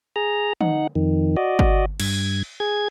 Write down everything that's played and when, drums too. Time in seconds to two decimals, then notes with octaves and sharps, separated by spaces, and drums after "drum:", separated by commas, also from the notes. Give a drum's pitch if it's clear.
0.16 G#4 A#5
0.61 D#4 F#5, drum: tom
0.95 F2 D#3
1.37 F#4 D5 D#5
1.59 drum: kick G1
2.00 G2 G#6, drum: cymbal
2.60 G#4 G#6